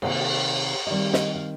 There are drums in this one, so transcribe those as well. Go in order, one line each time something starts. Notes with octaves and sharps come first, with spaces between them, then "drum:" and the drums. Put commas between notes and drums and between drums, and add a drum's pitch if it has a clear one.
C3 D#3 A#3 C5, drum: cymbal
D#5
D#3 G3 C4 D5
D#5, drum: snare
F5